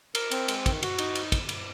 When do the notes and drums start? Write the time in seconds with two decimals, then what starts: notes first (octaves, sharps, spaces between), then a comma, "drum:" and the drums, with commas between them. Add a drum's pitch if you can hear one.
0.15 A#4, drum: cymbal
0.31 C4, drum: cymbal
0.48 G#3, drum: cymbal
0.66 D#3, drum: kick, cymbal
0.83 F#4, drum: cymbal
0.98 D#4, drum: cymbal
1.15 drum: cymbal
1.32 drum: kick, cymbal
1.49 drum: cymbal